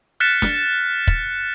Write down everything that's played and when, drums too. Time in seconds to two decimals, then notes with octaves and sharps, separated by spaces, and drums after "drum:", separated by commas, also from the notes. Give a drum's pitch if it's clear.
0.20 F6 F#6 A6 B6 C#7 E7
0.42 drum: snare
1.07 drum: kick